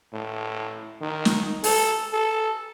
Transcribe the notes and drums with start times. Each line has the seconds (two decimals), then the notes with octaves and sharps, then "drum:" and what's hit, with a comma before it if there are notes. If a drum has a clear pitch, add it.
0.13 A2
1.01 D#3
1.25 drum: snare
1.64 A4, drum: open hi-hat
2.13 A4